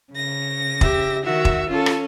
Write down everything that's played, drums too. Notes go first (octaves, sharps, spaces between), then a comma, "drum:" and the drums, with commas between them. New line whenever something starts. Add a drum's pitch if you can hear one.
C#3 A#6
G4 E5, drum: kick
D#3 F#4 E5
drum: kick
C#4 F4 A4
drum: rim click